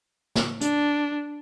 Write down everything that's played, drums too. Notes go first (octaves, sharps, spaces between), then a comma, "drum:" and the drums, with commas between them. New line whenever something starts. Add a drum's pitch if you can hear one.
drum: snare
D4, drum: hi-hat